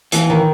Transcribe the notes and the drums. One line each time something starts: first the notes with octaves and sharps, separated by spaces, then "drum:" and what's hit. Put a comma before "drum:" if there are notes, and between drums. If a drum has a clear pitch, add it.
D#2 E3, drum: hi-hat
D#3